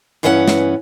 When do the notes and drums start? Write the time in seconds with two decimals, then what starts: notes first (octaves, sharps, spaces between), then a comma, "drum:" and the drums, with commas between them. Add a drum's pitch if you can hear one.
0.23 G2 E3 B3 C#4 G#4 F#5
0.48 drum: snare